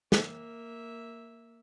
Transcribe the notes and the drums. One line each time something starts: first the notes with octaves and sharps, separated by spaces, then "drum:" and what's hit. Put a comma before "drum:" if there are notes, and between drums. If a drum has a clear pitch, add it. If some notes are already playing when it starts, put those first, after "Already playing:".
A#3 E5, drum: snare